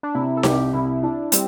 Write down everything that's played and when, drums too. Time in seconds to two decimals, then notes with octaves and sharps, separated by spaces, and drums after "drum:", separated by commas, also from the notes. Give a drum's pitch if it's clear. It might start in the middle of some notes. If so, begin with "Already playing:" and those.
0.03 D4
0.15 C3 E4
0.37 A4
0.43 C2 G4, drum: snare D#4
0.73 C2 E4
1.03 D4 E4
1.32 G3 C4, drum: hi-hat